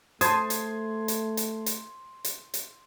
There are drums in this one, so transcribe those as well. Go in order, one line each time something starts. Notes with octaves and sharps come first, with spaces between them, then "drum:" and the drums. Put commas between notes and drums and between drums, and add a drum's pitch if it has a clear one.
A3 C5 A5 C6 D#6 G#6, drum: hi-hat
drum: hi-hat
drum: hi-hat
drum: hi-hat
drum: hi-hat
drum: hi-hat
drum: hi-hat